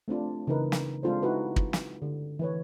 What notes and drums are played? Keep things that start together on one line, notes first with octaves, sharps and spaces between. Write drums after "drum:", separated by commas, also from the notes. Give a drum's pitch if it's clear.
A3 C4 D4 F4
C#3 E3 D#4 A#4 B4
drum: snare
G#3 C4 D4 F4 A4 C5
D#4 E4 F#4 B4
drum: kick
drum: snare
D3
E3 B4 C#5